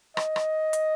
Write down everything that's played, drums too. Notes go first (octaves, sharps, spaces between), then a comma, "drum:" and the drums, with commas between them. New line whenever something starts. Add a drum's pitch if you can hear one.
D#5, drum: rim click
drum: rim click
drum: hi-hat